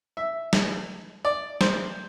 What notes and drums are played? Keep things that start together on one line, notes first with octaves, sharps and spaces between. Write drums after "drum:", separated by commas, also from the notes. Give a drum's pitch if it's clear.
E5
drum: snare
D5
C5, drum: snare